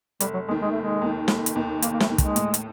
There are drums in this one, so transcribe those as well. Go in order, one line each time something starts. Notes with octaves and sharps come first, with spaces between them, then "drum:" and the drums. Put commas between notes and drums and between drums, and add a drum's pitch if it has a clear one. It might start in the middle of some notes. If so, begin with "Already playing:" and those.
F1 G3, drum: hi-hat
F#3
D#2 D#3 G#3
G#3
F1 A3
G#3
D#2 D#3
F1, drum: snare
drum: hi-hat
D#2 D#3
F1 A#3, drum: hi-hat
A#3
A3, drum: snare
D#2 D#3
G#3, drum: kick, hi-hat
A2, drum: hi-hat
drum: hi-hat